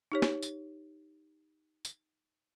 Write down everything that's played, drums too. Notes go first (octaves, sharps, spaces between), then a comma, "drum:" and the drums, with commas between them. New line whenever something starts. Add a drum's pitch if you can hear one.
D#4 G4 C#5
drum: snare
drum: tambourine
drum: tambourine